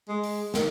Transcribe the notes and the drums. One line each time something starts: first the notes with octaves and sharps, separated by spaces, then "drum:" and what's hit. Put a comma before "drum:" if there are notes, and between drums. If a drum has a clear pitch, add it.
G#3
drum: open hi-hat
D#3, drum: snare